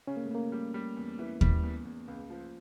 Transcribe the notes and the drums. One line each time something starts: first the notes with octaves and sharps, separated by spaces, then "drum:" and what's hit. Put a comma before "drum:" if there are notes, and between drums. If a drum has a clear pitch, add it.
C#3 C#4
A#3
A3
C#3 A#3
G3
G3
E2
E3
G3, drum: kick D#2
E2
E2
C#2
F3